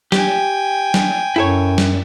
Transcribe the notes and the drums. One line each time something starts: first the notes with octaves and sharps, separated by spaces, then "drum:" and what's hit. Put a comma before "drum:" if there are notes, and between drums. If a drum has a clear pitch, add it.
G4 G5 G#5, drum: snare
drum: snare
F#2 E4 A4 C#5
drum: snare